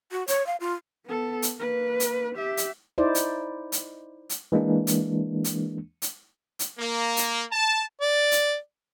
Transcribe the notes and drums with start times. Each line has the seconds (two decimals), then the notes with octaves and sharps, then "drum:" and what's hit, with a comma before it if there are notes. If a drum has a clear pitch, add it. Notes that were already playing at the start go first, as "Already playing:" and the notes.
0.11 F#4
0.28 C#5, drum: hi-hat
0.46 F5
0.60 F4
1.06 B3 A4
1.42 drum: hi-hat
1.57 A#3 B4
2.00 drum: hi-hat
2.35 G4 E5
2.57 drum: hi-hat
2.98 D#4 E4 C5 D5
3.15 drum: hi-hat
3.72 drum: hi-hat
4.30 drum: hi-hat
4.52 E3 G#3 A#3 D4
4.87 drum: hi-hat
5.44 drum: hi-hat
6.02 drum: hi-hat
6.59 drum: hi-hat
6.79 A#3
7.17 drum: hi-hat
7.52 A5
8.01 D5
8.32 drum: hi-hat